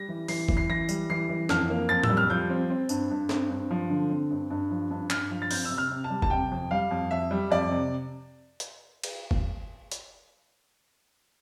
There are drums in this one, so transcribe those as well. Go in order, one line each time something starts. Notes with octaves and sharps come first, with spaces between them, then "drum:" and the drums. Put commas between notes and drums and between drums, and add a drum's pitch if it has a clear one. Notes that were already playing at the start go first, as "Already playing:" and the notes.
Already playing: G3 A#6
E3
E3 C7, drum: open hi-hat
E3, drum: kick F1
C7
E3 A#6
G3, drum: tambourine
E3 C7
E3
F2 F6, drum: snare
A#3
F2 A6
E6, drum: tom A2
G3
F6
F3 G6
C4
C4
G2, drum: tambourine
G2
C4, drum: snare
G2
F3
D3
C4
G2
G2
F3
G2
G2 F6, drum: clap
F3
A6
C4 G6, drum: open hi-hat
E6
C3
F6
C3
A5
G3
A5, drum: kick F1
C3 G5
F2
G3 F5
F2
F2 E5
G3
F2 D5
C3
drum: hi-hat
drum: cymbal
drum: kick F1
drum: hi-hat